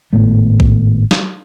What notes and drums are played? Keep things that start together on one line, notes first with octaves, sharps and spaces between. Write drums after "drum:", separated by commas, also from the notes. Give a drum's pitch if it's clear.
G#1 A2 A3 B3
drum: kick A#1
drum: snare